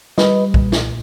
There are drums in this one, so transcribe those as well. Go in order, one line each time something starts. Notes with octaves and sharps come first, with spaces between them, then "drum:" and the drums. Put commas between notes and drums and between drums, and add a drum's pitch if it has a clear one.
G3 B4 D#5, drum: snare
A#2, drum: kick B1
drum: snare